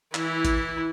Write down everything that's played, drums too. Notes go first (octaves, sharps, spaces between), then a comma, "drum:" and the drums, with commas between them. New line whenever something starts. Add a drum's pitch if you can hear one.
E3 E4, drum: clap
drum: kick A1, hi-hat